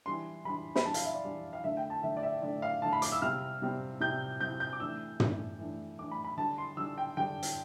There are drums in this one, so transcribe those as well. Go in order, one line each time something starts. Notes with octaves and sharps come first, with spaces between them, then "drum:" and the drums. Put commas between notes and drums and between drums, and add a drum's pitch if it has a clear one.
E3 G3 D4 C6
E3 G3 D4 B5
B5, drum: snare
E3 G3 D4 A5
F5, drum: hi-hat
E5
D5
E3 G3 D4
F5
D3 A3 D4 E5
G5
A5
D3 A3 D4 E5
D5
E5
D3 A3 D4 D5
F5
D3 A3 D4 A5
B5
D6, drum: hi-hat
E6
C3 G3 C4 F6
C3 G3 C4
C3 G3 C4 G6
C3 G3 C4 G6
G6
D6
E3 A3 D4 E6
E3 A3 D4, drum: tom
E3 A3 D4
E3 A3 D4 D6
B5
B5
D3 G3 D4 A5
C6
D3 G3 D4 E6
G5
D3 G3 D4 G5
drum: hi-hat